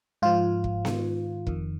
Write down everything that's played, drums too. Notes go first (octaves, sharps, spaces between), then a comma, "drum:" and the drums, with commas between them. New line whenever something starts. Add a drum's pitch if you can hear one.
G#2 F3 F4
drum: kick
G#2 D#3, drum: snare B3
F2 D#3, drum: kick